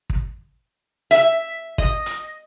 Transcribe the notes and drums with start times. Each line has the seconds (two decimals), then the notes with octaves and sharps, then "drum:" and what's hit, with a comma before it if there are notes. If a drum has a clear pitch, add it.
0.10 drum: kick
1.11 E5, drum: hi-hat
1.78 D#5, drum: kick
2.06 drum: hi-hat